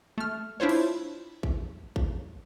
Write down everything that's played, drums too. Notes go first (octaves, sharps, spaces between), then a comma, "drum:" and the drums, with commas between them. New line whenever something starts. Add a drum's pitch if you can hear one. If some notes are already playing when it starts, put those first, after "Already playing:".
A3 F6
D4 E4 F4 C5 C#5
drum: cymbal
drum: kick
drum: kick